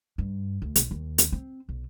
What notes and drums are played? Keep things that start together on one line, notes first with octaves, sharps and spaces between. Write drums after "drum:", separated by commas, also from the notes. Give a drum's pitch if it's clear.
G2
D2
B1, drum: hi-hat
D#2
drum: hi-hat
C4
B1